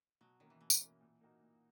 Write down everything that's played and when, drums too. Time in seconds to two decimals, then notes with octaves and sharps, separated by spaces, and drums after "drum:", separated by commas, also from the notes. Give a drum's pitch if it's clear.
0.21 B2 F#3
0.40 D#3 A#3 C#4
0.50 E3
0.61 B2 E3
0.70 drum: tambourine
0.81 A#3 C#4
1.00 A#2
1.21 A#3 D#4 F#4
1.41 A#2